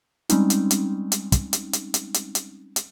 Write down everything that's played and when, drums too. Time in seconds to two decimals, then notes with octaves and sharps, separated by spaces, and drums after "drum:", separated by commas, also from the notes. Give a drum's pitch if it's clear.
0.29 G3 G#3 C4 C#4 D#4, drum: hi-hat
0.50 drum: hi-hat
0.71 drum: hi-hat
1.12 drum: hi-hat
1.32 drum: kick, hi-hat
1.53 drum: hi-hat
1.73 drum: hi-hat
1.94 drum: hi-hat
2.14 drum: hi-hat
2.35 drum: hi-hat
2.76 drum: hi-hat